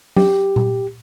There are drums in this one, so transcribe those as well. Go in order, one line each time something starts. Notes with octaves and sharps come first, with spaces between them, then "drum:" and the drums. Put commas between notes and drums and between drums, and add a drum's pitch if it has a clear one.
G4, drum: tom F#3
drum: tom A#2